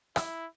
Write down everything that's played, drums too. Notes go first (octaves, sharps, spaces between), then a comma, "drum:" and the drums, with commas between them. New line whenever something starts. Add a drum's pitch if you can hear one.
E4, drum: rim click